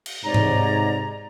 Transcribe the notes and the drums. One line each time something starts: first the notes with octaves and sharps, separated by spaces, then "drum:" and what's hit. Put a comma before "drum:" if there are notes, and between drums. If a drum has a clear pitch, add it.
drum: cymbal
G#2 C3 C#5 D5 A#5
drum: tom G#2